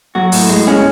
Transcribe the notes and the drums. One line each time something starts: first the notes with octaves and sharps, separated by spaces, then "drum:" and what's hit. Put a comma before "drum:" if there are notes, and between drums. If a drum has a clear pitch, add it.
F#3 F#4
A2, drum: open hi-hat
A2 G#3
G#3 C#4